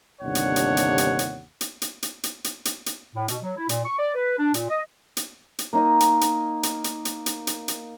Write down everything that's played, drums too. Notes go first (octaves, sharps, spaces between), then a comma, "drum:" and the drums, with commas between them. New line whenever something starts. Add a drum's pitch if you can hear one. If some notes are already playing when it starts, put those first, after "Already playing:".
G1 D#2 C3 D4 C#5 F#5
drum: hi-hat
drum: hi-hat
drum: hi-hat
drum: hi-hat
drum: hi-hat
drum: hi-hat
drum: hi-hat
drum: hi-hat
drum: hi-hat
drum: hi-hat
drum: hi-hat
drum: hi-hat
A2
B2, drum: hi-hat
F#3
E4
A#2, drum: hi-hat
C#6
D5
B4
D4
A#2, drum: hi-hat
D#5
drum: hi-hat
drum: hi-hat
A#3 D#4 D#5
drum: hi-hat
drum: hi-hat
drum: hi-hat
drum: hi-hat
drum: hi-hat
drum: hi-hat
drum: hi-hat
drum: hi-hat